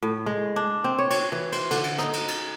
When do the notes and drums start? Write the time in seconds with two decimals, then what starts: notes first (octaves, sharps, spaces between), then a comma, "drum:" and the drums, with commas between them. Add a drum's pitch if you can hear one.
0.02 A2
0.26 G#3
0.56 D4
0.84 C4
0.98 C#5
1.10 C#5, drum: cymbal
1.32 E3
1.52 C5, drum: cymbal
1.71 D3, drum: cymbal
1.84 drum: cymbal
1.98 D#4, drum: rim click
2.13 drum: cymbal
2.28 drum: cymbal